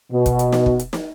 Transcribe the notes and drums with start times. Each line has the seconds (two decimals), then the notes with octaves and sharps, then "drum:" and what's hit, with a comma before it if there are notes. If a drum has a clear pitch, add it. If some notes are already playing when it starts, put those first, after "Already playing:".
0.12 B2
0.26 drum: kick, hi-hat
0.39 drum: hi-hat
0.53 drum: snare
0.66 drum: kick
0.79 drum: hi-hat
0.93 drum: snare